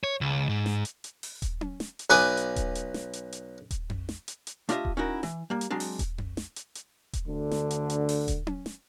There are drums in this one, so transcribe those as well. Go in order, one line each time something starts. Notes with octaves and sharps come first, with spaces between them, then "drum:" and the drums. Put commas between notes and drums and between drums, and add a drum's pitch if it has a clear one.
C#5
C#2
G#2
drum: snare
drum: hi-hat
drum: hi-hat
drum: open hi-hat
drum: kick D#1, hi-hat
drum: tom C#4
drum: snare
drum: hi-hat
B1 B4 G#5 D6 D#6
drum: hi-hat
drum: kick D#1, hi-hat
drum: hi-hat
drum: snare
drum: hi-hat
drum: hi-hat
drum: kick D#1, hi-hat
drum: tom F2
drum: snare
drum: hi-hat
drum: hi-hat
A3 D4 F4 G4 D#5 E5, drum: hi-hat
drum: kick D#1
C#4 D#4 E4 F#4 A#4
E3, drum: snare
G3 A#3
drum: hi-hat
F#3 G#3 C4 D4
drum: open hi-hat
drum: kick D#1, hi-hat
drum: tom F2
drum: snare
drum: hi-hat
drum: hi-hat
drum: kick D#1, hi-hat
D2 D3
drum: snare
drum: hi-hat
drum: hi-hat
drum: open hi-hat
drum: kick D#1, hi-hat
drum: tom C#4
drum: snare